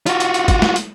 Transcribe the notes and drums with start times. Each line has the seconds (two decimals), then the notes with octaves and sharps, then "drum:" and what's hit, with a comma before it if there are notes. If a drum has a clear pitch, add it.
0.06 F4 F#4, drum: hi-hat
0.20 drum: hi-hat
0.34 drum: hi-hat
0.48 drum: kick G1, hi-hat
0.62 drum: snare
0.76 drum: hi-hat